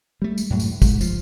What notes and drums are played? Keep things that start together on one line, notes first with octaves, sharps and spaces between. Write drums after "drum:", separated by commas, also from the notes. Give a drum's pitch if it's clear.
G3 A3
drum: tambourine
F#2 A2 C3
drum: tambourine
G#2, drum: kick, tambourine
F3, drum: tambourine